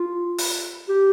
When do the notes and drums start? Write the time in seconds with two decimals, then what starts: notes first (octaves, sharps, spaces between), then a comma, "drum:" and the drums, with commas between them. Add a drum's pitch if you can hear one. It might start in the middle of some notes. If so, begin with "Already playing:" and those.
Already playing: F4
0.38 drum: open hi-hat
0.89 G4